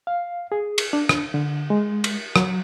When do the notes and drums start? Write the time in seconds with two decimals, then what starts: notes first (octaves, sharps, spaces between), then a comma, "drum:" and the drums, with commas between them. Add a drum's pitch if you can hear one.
0.07 F5
0.52 G#4
0.78 drum: cymbal
0.93 D4
1.09 drum: rim click
1.34 D3
1.70 G#3
2.04 drum: cymbal
2.36 F#3, drum: rim click